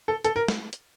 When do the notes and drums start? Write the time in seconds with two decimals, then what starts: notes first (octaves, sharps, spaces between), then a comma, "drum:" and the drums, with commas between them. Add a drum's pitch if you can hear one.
0.08 A4
0.24 A4, drum: hi-hat
0.36 A#4
0.48 drum: snare
0.73 drum: hi-hat